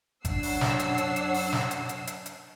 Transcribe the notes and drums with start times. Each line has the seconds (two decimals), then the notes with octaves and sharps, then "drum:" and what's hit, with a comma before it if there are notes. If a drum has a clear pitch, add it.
0.25 F#2 D4 C#5 F#5 E6 C7, drum: kick G#1, hi-hat
0.43 drum: open hi-hat
0.61 drum: snare
0.79 drum: hi-hat
0.98 drum: hi-hat
1.16 drum: hi-hat
1.34 drum: open hi-hat
1.53 drum: snare
1.71 drum: hi-hat
1.89 drum: hi-hat
2.07 drum: hi-hat
2.26 drum: hi-hat